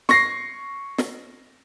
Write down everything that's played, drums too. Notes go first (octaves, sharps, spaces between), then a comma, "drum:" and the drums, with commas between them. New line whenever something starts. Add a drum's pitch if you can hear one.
C#6 A#6 C7, drum: snare
drum: snare